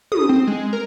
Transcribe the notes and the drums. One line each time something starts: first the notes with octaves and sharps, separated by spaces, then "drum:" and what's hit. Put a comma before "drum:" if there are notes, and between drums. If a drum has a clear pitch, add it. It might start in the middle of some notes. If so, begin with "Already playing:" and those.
D#6, drum: tom
C4
G#3
A#4